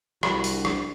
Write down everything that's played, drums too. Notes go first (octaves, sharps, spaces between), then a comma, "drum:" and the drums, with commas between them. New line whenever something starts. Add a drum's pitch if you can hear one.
C2 D4 F#4 B5, drum: rim click
drum: open hi-hat
drum: rim click